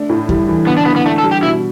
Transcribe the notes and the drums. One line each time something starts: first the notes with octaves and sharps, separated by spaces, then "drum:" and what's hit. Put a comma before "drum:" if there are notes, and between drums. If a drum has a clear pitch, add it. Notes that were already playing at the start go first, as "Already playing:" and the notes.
Already playing: A3 D4
A2
G3, drum: kick D#2
E3
D3 B3
D4
D3 B3
B3
A3 D4
A4
G3
G4
B2 E4